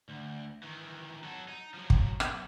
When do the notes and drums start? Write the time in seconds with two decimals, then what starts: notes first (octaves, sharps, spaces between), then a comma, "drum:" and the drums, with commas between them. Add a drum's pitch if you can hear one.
0.09 D2
0.63 D#3 E3
1.24 F#3 A4
1.48 D#4
1.74 F3 F#3
1.90 drum: kick
2.20 B1, drum: rim click